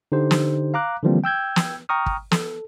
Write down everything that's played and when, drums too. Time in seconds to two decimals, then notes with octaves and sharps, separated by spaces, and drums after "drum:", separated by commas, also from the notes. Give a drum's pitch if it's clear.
0.12 D3 D#4 G4 C5
0.31 drum: snare
0.74 F5 A#5 D6 F#6
1.03 D3 E3 F3 G3 A#3 C4
1.24 G5 E6 G6 G#6
1.56 drum: snare
1.89 G5 A#5 C#6 D#6 F6
2.06 drum: kick
2.31 A4, drum: snare